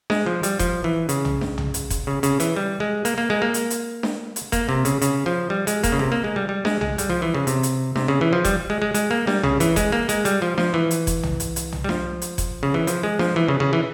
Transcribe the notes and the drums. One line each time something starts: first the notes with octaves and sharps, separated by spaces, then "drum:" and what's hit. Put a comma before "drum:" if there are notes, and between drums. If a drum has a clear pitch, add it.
G#3, drum: snare D4
F3
G3, drum: hi-hat
F3, drum: kick F#1, hi-hat
E3
C#3, drum: hi-hat
drum: tom B1
drum: snare D4
drum: tom B1
drum: hi-hat
drum: kick F#1, hi-hat
C#3
C#3, drum: hi-hat
E3, drum: hi-hat
G3
G#3
A#3, drum: hi-hat
A#3
G#3
A#3
drum: hi-hat
drum: hi-hat
drum: snare D4
drum: hi-hat
A#3, drum: kick F#1, hi-hat
C3
C#3, drum: hi-hat
C#3, drum: hi-hat
F3
G3
G#3, drum: hi-hat
A#3, drum: kick F#1, hi-hat
C#3
C3
A#3
G#3
G3
G3
G#3, drum: snare D4
G#3, drum: tom B1
G3, drum: hi-hat
F3
E3
C#3
C3, drum: hi-hat
drum: hi-hat
C3, drum: snare D4
C#3
E3
F3
G3, drum: kick F#1, hi-hat
G#3
G#3
G#3, drum: hi-hat
A#3
G3, drum: snare D4
C#3, drum: tom B1
E3, drum: hi-hat
G#3, drum: kick F#1, hi-hat
A#3
G#3, drum: hi-hat
G3, drum: hi-hat
F3
F3, drum: snare D4
E3
drum: hi-hat
drum: kick F#1, hi-hat
drum: tom B1
drum: hi-hat
drum: hi-hat
drum: tom B1
G3
F3, drum: snare D4
drum: hi-hat
drum: kick F#1, hi-hat
C#3
E3
F3, drum: hi-hat
G#3
F3, drum: snare D4
E3
C#3
C#3
E3